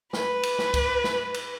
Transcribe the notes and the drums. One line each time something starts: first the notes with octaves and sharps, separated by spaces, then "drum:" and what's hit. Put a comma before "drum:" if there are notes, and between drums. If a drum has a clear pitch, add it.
B4, drum: snare
drum: cymbal
drum: snare
drum: kick, cymbal
drum: snare
drum: cymbal